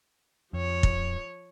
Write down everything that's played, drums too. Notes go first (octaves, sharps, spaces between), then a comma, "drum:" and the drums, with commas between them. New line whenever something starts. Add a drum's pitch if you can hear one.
F2 F3 C#5
drum: kick